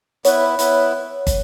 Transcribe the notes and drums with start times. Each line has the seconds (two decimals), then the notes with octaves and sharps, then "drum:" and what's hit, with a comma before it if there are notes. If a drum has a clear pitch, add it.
0.25 B3 E4 B4 C#5, drum: hi-hat
0.59 B3 E4 B4, drum: hi-hat
1.27 drum: kick, hi-hat